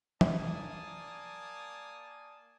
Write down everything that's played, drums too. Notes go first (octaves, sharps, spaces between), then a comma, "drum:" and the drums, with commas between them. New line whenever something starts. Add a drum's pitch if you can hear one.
A#3 D5 G#5 A5 D#6, drum: tom